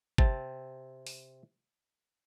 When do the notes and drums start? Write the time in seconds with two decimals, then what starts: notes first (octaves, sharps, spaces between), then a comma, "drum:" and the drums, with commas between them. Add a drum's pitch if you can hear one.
0.18 C3 C4 A5, drum: kick
1.07 drum: open hi-hat